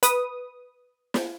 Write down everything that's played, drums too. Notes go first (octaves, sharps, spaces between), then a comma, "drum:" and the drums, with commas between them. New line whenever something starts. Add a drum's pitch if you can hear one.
B4 D#6, drum: hi-hat
drum: snare